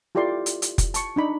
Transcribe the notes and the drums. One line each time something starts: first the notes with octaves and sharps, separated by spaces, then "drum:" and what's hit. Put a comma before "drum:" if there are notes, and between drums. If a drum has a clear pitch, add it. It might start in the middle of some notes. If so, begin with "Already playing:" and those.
E4 F4 G4 A4 D5 C6
drum: hi-hat
drum: hi-hat
drum: kick F1, hi-hat
A5 C#6, drum: hi-hat
D4 D#4 B5 D6